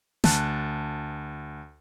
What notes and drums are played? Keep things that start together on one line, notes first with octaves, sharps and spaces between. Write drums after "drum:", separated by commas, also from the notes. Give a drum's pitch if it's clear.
D2 A5 F#6, drum: snare